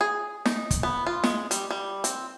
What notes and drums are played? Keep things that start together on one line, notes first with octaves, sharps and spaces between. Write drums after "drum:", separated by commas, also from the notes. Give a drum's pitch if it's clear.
G#4
D#4, drum: snare
drum: kick, hi-hat
B3
F4
G#3, drum: snare
G3, drum: hi-hat
G3
C4, drum: hi-hat